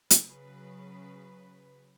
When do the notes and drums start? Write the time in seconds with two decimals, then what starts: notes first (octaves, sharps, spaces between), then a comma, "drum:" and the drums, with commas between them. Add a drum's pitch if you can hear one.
0.10 C#3 F#3 B4, drum: hi-hat